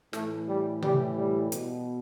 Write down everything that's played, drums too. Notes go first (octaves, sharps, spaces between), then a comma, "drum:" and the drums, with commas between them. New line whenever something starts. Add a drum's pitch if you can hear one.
A2 E3 A3, drum: snare
G3
A2 E3 G3, drum: tom C3
G3
B2, drum: hi-hat